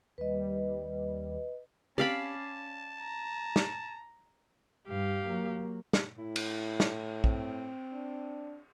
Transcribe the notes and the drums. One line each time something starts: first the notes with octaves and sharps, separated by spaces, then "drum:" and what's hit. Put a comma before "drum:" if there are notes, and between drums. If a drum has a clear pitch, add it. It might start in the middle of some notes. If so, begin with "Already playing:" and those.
D#2 G3 B4 D#5
C4 C#4 G4 D5 F5 A5 B5
A#5
drum: snare
G2 G3 G4 F5
F#3 A#3
drum: snare
A2 E4
drum: cymbal
drum: snare
C4, drum: kick
D4